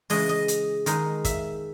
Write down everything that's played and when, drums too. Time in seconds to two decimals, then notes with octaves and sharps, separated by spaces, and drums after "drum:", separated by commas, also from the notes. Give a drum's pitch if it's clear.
0.10 C#3 E3 G#3 D#5, drum: open hi-hat
0.29 D#5
0.48 drum: hi-hat
0.86 D#3 G#3 D#4, drum: hi-hat
1.25 E5, drum: kick, hi-hat